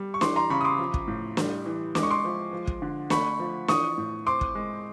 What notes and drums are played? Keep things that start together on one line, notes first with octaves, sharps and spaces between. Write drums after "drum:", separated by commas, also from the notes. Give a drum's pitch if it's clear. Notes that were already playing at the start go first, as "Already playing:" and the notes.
Already playing: G3
C#6
E3 C6 D6, drum: snare
A#5 C6
C#3 B5 C#6
D#6
C6 D6
F3
drum: kick
A2
G3, drum: snare
E3
G#3 D6, drum: snare
C#6
C6 D6
F3
F3
drum: kick
D3
A3 B5 C#6, drum: snare
F3
E3 C#6 D#6, drum: snare
A2
C4 C6 D6
drum: kick
G#3